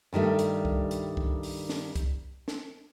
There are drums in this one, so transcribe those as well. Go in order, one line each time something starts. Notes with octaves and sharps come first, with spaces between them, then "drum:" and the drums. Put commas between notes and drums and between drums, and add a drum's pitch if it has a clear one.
G2 D#3 G3 A3
drum: hi-hat
drum: kick C2
drum: hi-hat
drum: kick C2
drum: open hi-hat
drum: snare
drum: kick C2, hi-hat
drum: snare